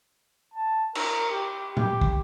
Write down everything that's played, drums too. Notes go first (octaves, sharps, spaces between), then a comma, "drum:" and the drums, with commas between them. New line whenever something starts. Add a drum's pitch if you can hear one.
A5
A#4, drum: cymbal
G4
G4, drum: tom A#2
drum: kick